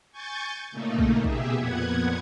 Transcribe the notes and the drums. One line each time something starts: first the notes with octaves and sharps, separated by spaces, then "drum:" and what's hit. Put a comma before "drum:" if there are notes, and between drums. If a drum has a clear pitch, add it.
G#5 C#6 G6 A6
A#2 C#3 A3 A#3 D#4
drum: kick
B2 G4 G#4 E5, drum: kick
F2 A#2 B3 F#5 G#6